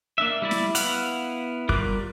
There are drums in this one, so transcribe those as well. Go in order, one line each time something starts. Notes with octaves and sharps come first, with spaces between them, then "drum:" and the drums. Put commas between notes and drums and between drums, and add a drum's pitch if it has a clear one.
A#3 D4 E5
G3 E4 D5
drum: snare
B3 E4 F5 F#5, drum: hi-hat
G3 F4 A#4 D6 F#6, drum: kick